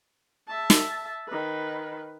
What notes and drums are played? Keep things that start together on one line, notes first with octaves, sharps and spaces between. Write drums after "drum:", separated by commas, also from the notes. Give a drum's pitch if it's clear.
E5 A5
drum: snare
D#3 B4